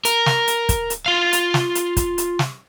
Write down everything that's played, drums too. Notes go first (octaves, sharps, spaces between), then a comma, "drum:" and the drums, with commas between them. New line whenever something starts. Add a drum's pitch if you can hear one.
A#4, drum: hi-hat
drum: snare
drum: hi-hat
drum: kick, hi-hat
drum: hi-hat
F4 F5
drum: hi-hat
drum: snare
drum: hi-hat
drum: kick, hi-hat
drum: hi-hat
drum: snare